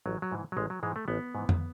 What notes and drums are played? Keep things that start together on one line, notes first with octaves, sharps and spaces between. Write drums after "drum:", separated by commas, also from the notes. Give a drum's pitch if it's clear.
A1 F#3
F#3
G#2 E3
F#3
A1 G#3
F#3
G#2 E3 G#3
A3
A1 B3
G#2 E3
drum: tom F2